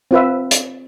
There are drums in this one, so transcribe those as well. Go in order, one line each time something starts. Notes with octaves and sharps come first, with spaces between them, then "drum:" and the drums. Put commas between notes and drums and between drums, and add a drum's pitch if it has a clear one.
C4 F4 B4 E5
drum: hi-hat